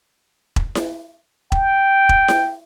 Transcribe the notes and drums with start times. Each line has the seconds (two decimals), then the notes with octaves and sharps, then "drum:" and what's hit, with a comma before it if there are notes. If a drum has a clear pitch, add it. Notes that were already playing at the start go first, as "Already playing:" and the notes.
0.56 drum: kick E1
0.75 drum: snare E4
1.52 G5, drum: kick E1
2.09 drum: kick E1
2.28 drum: snare E4